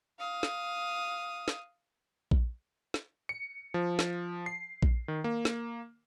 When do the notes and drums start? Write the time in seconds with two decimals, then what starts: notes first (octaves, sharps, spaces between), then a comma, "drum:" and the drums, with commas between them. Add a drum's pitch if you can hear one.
0.19 F5 D#6
0.43 drum: snare
1.48 drum: snare
2.31 drum: kick A#1
2.94 drum: snare
3.29 C#7
3.74 F3
3.99 drum: snare
4.46 C7
4.82 drum: kick A#1
5.08 D#3
5.24 A#3
5.45 drum: snare